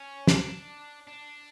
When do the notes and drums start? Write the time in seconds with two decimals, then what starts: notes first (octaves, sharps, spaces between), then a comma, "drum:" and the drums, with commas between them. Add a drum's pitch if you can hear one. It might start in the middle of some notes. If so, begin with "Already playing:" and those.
Already playing: C#4
0.27 D4, drum: snare
1.07 D4